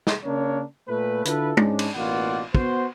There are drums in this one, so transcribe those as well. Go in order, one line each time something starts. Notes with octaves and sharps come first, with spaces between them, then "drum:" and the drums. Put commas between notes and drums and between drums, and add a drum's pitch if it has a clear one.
drum: snare
C#3 A#3 C#4 D4 A#4 C#5
A#2 A3 B4
D3 E4 F4 A4 B4, drum: hi-hat
G#2 G#3 C#4 D4, drum: tom
drum: cymbal
A1 B2 A#3 F4 D5 F#5
B3 F#4 C5, drum: kick